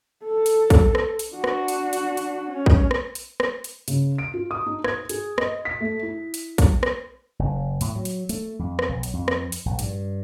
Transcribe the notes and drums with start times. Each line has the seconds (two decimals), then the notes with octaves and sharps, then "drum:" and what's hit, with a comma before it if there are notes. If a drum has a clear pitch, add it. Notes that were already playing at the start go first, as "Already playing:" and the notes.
0.24 A4
0.46 drum: hi-hat
0.70 drum: kick A#1, hi-hat
0.95 drum: rim click
1.19 drum: hi-hat
1.32 D4 F#4
1.44 drum: rim click
1.68 drum: hi-hat
1.93 drum: hi-hat
2.17 drum: hi-hat
2.50 C#4
2.66 drum: kick A#1
2.91 drum: rim click
3.15 drum: hi-hat
3.40 drum: rim click
3.64 drum: hi-hat
3.88 C#3, drum: hi-hat
4.18 D7
4.34 F4
4.51 D#6
4.66 D#4
4.84 G#6, drum: rim click
5.09 G#4, drum: hi-hat
5.38 D#5, drum: rim click
5.65 B6
5.81 A3
6.03 E4
6.34 drum: hi-hat
6.58 drum: kick A#1, hi-hat
6.83 drum: rim click
7.39 F#1
7.81 A2, drum: hi-hat
7.96 F#3
8.05 drum: hi-hat
8.29 A3, drum: hi-hat
8.59 F2
8.79 drum: rim click
8.89 B1
9.03 drum: hi-hat
9.13 F2
9.28 drum: rim click
9.52 drum: hi-hat
9.66 A#1
9.79 G2, drum: hi-hat